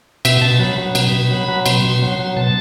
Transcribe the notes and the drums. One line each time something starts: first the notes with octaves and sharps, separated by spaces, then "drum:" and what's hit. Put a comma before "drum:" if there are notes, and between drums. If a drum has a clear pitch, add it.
B2 E5, drum: cymbal
B2 A5
F#3 B5
F#3
B2 B5, drum: cymbal
B2
F#3
F#3
B2 C6, drum: cymbal
B2
F#3
F#3
B2 A5